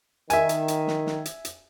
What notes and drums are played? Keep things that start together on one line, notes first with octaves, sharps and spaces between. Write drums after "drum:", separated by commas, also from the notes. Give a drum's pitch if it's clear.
D#3 E5 G#5, drum: hi-hat
drum: hi-hat
drum: hi-hat
drum: snare
drum: snare
drum: hi-hat
drum: hi-hat